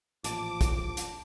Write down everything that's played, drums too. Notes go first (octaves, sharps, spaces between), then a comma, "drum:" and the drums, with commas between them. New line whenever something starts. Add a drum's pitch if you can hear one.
A1 A#2 F3 A5 D6, drum: hi-hat
drum: kick, hi-hat
drum: hi-hat